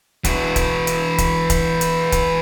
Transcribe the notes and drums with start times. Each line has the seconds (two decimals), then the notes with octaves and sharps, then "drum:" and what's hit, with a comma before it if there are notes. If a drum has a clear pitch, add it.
0.25 E3 F#4, drum: kick, hi-hat
0.56 drum: kick, hi-hat
0.87 drum: hi-hat
1.18 drum: kick, hi-hat
1.50 drum: kick, hi-hat
1.81 drum: hi-hat
2.12 drum: kick, hi-hat